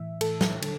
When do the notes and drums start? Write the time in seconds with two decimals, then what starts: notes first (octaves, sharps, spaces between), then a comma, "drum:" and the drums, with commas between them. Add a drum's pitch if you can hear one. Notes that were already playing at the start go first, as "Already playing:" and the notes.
Already playing: A2 E3 E5
0.21 A2 E3 A4, drum: cymbal
0.41 drum: snare
0.62 D3, drum: cymbal